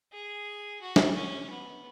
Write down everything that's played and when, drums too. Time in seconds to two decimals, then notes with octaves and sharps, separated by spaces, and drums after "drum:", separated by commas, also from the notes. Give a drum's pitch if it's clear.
0.12 G#4
0.81 F#4
0.96 drum: snare
1.15 C#4
1.49 B3